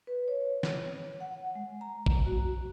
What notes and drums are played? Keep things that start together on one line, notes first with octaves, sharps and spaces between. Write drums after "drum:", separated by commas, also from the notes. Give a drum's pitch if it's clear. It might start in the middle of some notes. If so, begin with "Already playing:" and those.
B4
C#5
drum: snare
F#5
G#3
A#5
drum: kick A1
F#4